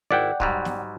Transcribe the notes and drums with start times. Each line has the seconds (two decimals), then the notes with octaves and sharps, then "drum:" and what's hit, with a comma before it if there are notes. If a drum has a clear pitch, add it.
0.11 G#1 E4 D5 F#5 G5
0.40 G#2 F#3 G3, drum: kick
0.65 drum: snare